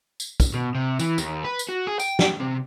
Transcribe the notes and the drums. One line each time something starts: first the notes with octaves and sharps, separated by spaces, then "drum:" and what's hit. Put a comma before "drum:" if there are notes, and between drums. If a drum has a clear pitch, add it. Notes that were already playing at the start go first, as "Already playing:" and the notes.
drum: tambourine
drum: kick, tambourine
B2
C3
E3, drum: tambourine
D#2, drum: tambourine
B4
drum: tambourine
F#4
G#4
G5, drum: tambourine
drum: snare
C3